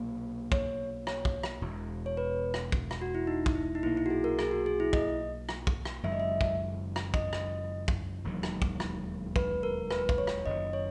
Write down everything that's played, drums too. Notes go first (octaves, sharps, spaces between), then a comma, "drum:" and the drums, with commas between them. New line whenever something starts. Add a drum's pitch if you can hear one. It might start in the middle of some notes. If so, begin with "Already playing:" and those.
Already playing: B1 A#2 A#3
C#5, drum: kick
C#5, drum: rim click
drum: kick
drum: rim click
E1 E2 B2
C#5
B4
drum: rim click
drum: kick
drum: rim click
F#4
E4
D#4
drum: kick
E4
D#4
B1 A#2 A#3 E4
E4
F#4
G#4
A#4
G#4, drum: rim click
F#4
G#4
E4
D#5, drum: kick
drum: rim click
drum: kick
drum: rim click
F#1 F#2 D#3 G#3 E5
D#5
E5
drum: kick
drum: rim click
D#5, drum: kick
drum: rim click
drum: kick
E1 D#2 D#3 F#3
drum: rim click
drum: kick
drum: rim click
B4, drum: kick
A#4
B4, drum: rim click
drum: kick
C#5
drum: rim click
F#1 F#2 D#3 F#3 D#5
C#5